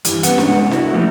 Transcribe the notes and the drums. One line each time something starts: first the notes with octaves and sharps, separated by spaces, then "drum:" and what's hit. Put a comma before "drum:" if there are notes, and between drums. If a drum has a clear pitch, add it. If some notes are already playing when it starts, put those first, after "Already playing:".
G2 E3 G3, drum: hi-hat
B3 C#4 B4 F#5, drum: hi-hat
drum: snare D4
C2 G#3 F#5
E4 F#4, drum: snare D4
F3 G3 A3 A#3 D#4 E4